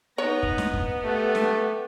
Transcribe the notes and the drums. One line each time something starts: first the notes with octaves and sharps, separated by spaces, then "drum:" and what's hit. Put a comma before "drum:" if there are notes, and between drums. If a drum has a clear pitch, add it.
B3 D#4 C#5 A#5
drum: kick
drum: snare
drum: kick
A3 G4
drum: snare